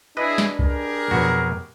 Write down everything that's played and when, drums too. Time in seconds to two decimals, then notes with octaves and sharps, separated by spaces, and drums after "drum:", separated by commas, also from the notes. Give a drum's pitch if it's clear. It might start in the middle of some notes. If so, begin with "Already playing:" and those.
0.17 D4 E4 G#4 B4 D#5
0.38 drum: snare
0.59 G4 G#4 A#4, drum: kick C2
1.11 F2 B2 F#3 B3 F#4